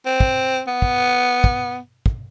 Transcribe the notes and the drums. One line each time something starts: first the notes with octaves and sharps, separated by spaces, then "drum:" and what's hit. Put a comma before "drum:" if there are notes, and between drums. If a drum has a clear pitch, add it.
C4
drum: kick
B3
drum: kick
drum: kick
drum: kick